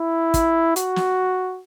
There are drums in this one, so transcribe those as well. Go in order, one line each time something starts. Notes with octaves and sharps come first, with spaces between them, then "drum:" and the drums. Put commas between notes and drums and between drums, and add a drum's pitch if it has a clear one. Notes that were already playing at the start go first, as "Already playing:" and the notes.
Already playing: E4
drum: kick, hi-hat
F#4, drum: hi-hat
drum: snare